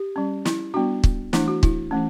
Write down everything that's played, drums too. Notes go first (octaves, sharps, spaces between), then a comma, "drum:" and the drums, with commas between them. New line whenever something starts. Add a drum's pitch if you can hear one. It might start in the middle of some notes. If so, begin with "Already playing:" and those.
Already playing: G4
G3 C#4
E4, drum: snare
G3 B3 D4 F#4
drum: kick
E3 A3 D4 E4, drum: snare
F#4
E4, drum: kick
E3 A3 C#4